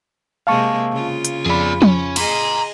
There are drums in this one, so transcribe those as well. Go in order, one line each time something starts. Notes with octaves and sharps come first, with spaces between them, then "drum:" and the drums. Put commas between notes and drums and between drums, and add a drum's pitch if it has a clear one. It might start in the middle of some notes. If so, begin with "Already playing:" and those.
C3 G#3 A#3 F5 A5 C#6
C#3 F4
drum: hi-hat
F2 G#4 D5 B5
C#4, drum: tom F3
G#4 D#5 A#5 C6, drum: cymbal